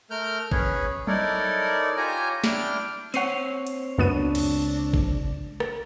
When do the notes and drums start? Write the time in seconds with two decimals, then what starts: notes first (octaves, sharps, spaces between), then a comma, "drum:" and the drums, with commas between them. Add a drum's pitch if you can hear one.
0.11 A3 A#4 F6 G6
0.52 C#4 G#4 B4 C#5, drum: kick
1.07 D#4 E4 A4 A#4 C#5 D5, drum: tom F#3
1.97 F4 G4 C#5 G#5 A#5
2.44 D4 E4 G5 F6, drum: snare
3.14 C4 C#5 F#5 C7 D#7, drum: hi-hat
3.67 drum: hi-hat
3.98 C#2 F#2 B3 D4 D#7
4.35 drum: cymbal
4.93 drum: kick
5.60 drum: rim click